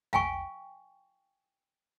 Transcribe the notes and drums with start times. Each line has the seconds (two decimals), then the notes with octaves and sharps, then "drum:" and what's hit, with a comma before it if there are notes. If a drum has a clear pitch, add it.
0.13 F5 G5 G#5 C#6, drum: tom